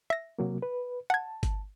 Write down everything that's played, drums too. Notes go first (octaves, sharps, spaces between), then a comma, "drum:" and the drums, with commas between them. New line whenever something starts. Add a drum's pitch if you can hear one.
E5 A#6
C3 F#3 A#3
B4
F#5 A5 G#6
drum: kick G1, hi-hat